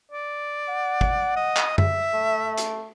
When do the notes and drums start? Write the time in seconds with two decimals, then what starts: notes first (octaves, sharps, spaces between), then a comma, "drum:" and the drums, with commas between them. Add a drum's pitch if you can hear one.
0.12 D5
0.69 F#5
1.01 drum: kick
1.36 D#5
1.57 drum: clap
1.78 E5, drum: tom F#2
2.13 A3
2.58 drum: hi-hat